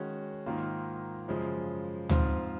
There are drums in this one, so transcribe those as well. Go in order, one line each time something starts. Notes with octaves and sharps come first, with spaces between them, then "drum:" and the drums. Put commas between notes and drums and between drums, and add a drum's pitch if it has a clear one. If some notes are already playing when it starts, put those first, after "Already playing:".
Already playing: D#3 G#3 C#4 F#4
G#2 D#3 A#3 F4
F#2 C#3 F3 G#3
G#2 F3 C4 F4, drum: tom D2